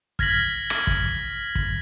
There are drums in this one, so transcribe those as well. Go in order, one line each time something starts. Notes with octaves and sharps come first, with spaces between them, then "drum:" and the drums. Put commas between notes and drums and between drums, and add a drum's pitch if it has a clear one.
F6 G#6 A#6 B6 F#7, drum: kick
drum: rim click
drum: kick
drum: kick